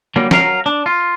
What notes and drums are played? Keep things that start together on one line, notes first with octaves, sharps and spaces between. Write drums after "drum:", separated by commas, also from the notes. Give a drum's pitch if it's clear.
D3 F#3 G3 A#3
F#3 A#4 F5, drum: snare
D4
F4